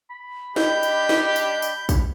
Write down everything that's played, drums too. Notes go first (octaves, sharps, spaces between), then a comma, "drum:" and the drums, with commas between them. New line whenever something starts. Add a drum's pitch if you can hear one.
B5
G3 D4 G4 D#5 G6, drum: snare
drum: tambourine
drum: snare
drum: tambourine
drum: tambourine
drum: kick A#1, tambourine